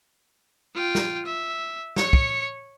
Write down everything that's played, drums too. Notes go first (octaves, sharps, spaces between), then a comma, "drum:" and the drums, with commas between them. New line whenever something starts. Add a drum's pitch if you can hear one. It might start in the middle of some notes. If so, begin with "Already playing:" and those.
F4 G5
drum: snare
E5
C#5 C#7, drum: snare
drum: kick